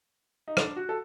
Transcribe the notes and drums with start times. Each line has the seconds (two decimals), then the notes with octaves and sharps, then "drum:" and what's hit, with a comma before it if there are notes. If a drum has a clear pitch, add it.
0.48 D#4
0.57 D4, drum: rim click
0.76 F#4
0.89 A4